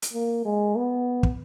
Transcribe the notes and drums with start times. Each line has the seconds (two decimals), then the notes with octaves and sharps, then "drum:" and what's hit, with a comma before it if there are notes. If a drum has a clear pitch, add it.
0.02 drum: hi-hat
0.13 A#3
0.45 G#3
0.76 B3
1.23 drum: kick